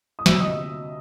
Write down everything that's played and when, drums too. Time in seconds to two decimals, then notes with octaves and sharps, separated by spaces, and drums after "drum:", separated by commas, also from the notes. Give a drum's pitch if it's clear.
0.19 D#6
0.26 D2 E5 E6, drum: snare
0.40 D#5 D#6
0.47 C3